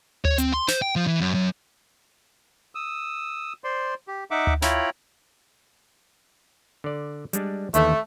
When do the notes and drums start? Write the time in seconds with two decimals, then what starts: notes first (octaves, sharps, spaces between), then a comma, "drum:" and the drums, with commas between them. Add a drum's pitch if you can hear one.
0.25 C#5, drum: tom D2
0.38 C4, drum: hi-hat
0.54 C6
0.68 C5, drum: snare
0.82 G5
0.96 F3
1.07 E3
1.20 F#2
1.35 F#2
2.75 D#6 E6
3.64 C5 D5 C6
4.08 G4
4.31 D#4 E5 F#5 D6
4.47 drum: tom D2
4.62 E4 F4 C#5 G5 A#5 B5, drum: snare
6.84 D3 D5
7.33 G3 G#3 D4, drum: hi-hat
7.74 D#2 D3 E3 A3, drum: hi-hat